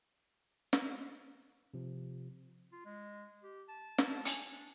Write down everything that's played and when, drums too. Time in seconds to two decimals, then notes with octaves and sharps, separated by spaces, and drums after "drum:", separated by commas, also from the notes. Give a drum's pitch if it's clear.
0.73 drum: snare
1.74 C3 F3
2.72 F4
2.85 G#3
3.44 G4
3.69 A5
3.98 drum: snare
4.25 G#5, drum: hi-hat
4.51 D4